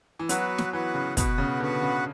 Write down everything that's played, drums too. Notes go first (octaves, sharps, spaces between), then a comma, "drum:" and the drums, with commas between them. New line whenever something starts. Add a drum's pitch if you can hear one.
E3
F#3 B3 F#4 B4 F#5, drum: hi-hat
drum: snare
E3 B3 F#4 B4 F#5
C#3
B2 B3 F#4 B4 F#5, drum: kick, hi-hat
C#3
D3 B3 F#4 B4 F#5
C#3